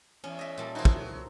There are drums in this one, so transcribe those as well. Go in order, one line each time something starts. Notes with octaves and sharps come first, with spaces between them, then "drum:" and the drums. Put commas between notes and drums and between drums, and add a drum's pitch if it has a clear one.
E2 C#4
D#5 E5
A#2 G3 A4
E3 A#3 D#4 F#4 C5
drum: kick
F#3